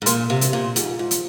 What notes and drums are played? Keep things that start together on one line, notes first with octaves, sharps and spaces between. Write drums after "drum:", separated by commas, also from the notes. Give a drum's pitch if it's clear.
G#2
A#2 C6, drum: hi-hat
C3 F5
drum: hi-hat
A#2 F5
G#2 F4, drum: hi-hat
G#2 F4
drum: hi-hat